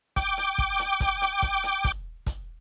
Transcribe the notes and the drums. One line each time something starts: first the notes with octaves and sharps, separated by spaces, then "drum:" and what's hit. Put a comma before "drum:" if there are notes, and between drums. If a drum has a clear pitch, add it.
G5 D6, drum: kick, hi-hat
drum: hi-hat
drum: kick
drum: hi-hat
drum: kick, hi-hat
drum: hi-hat
drum: kick, hi-hat
drum: hi-hat
drum: kick, hi-hat
drum: kick, hi-hat